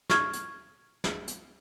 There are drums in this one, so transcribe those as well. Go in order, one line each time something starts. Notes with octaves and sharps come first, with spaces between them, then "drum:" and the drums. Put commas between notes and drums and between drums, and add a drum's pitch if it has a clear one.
C#6 F6 G#6, drum: snare
drum: hi-hat
drum: snare
drum: hi-hat